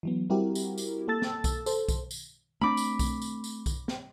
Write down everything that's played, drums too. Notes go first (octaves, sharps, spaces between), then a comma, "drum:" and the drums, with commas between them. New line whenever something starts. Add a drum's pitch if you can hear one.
E3 F#3 B3
G3 C4 E4 F#4 G4 A#4
drum: tambourine
drum: tambourine
A#3 A4 A5 E6 A6
drum: snare
drum: kick B1, tambourine
A4 C5, drum: tambourine
drum: kick B1, tambourine
drum: tambourine
A3 C4 D4 B5 D6
drum: tambourine
drum: kick B1, tambourine
drum: tambourine
drum: tambourine
drum: kick B1, tambourine
drum: snare